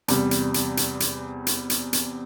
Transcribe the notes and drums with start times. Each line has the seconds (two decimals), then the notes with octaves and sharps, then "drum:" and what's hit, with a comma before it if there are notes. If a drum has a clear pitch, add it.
0.08 E2 C3 G3, drum: hi-hat
0.31 drum: hi-hat
0.54 drum: hi-hat
0.77 drum: hi-hat
1.00 drum: hi-hat
1.47 drum: hi-hat
1.70 drum: hi-hat
1.93 drum: hi-hat